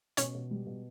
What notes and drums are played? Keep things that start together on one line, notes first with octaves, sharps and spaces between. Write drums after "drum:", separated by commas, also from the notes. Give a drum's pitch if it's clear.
B2 C#4 C#5, drum: hi-hat
B2
G3
B2